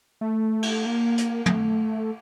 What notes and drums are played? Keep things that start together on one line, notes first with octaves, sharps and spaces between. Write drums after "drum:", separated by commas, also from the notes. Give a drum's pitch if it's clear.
A3
drum: cymbal
A#3
drum: hi-hat
A#3, drum: tom
A3